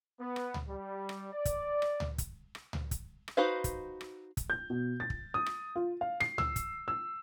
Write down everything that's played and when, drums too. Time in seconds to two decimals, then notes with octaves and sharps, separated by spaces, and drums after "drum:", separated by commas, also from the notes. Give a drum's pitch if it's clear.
0.20 B3
0.36 drum: rim click
0.54 drum: tom C#2
0.69 G3
1.09 drum: rim click
1.33 D5
1.45 drum: kick, hi-hat
1.82 drum: rim click
2.00 drum: tom C#2
2.18 drum: kick, hi-hat
2.55 drum: rim click
2.73 drum: tom C#2
2.91 drum: kick, hi-hat
3.28 drum: rim click
3.37 D#4 F#4 B4 C5 F5
3.64 drum: kick, hi-hat
4.01 drum: rim click
4.37 drum: kick, hi-hat
4.50 G6
4.70 B2
5.00 A6
5.10 drum: kick
5.34 D#6
5.46 drum: rim click
5.76 F4
6.01 F5
6.20 C7, drum: rim click
6.38 E6, drum: tom C#2
6.56 drum: kick, hi-hat
6.88 E6